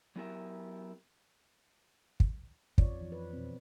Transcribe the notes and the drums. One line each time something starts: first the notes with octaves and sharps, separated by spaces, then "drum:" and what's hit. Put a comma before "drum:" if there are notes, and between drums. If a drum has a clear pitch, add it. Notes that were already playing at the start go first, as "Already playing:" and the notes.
F#3 B3 E4 G4 A#4 E5
drum: kick
F2 D#4 F4 C#5 D5, drum: kick
E3 F3
B4
B2 C4